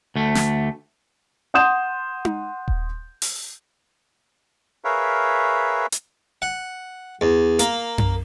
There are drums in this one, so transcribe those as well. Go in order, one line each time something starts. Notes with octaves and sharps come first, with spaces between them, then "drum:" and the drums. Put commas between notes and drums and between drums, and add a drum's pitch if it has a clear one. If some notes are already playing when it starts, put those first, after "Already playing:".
D2 A3
drum: snare
F#5 C6 D#6 G6 E7
drum: tom D#4
drum: kick D#1
drum: open hi-hat
G#4 A#4 B4 C#5 E5 F5
drum: hi-hat
F#5
E2
A#3, drum: hi-hat
drum: tom F#2